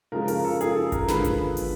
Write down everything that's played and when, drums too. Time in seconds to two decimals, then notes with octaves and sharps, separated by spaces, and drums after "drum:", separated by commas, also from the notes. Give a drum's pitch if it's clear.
0.12 C#3 F3 G#3 A#4
0.28 A#4, drum: open hi-hat
0.45 A4
0.61 G#4, drum: hi-hat
0.76 A4
0.92 A#4, drum: kick G#1, hi-hat
1.08 D3 F3 G#3 B3 B4, drum: snare
1.24 drum: kick G#1, hi-hat
1.57 drum: open hi-hat